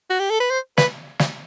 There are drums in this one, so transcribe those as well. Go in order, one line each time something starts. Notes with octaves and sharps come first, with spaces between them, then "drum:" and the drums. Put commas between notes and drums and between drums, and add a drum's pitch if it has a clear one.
F#4
G4
A4
B4
C5
B4, drum: snare
drum: snare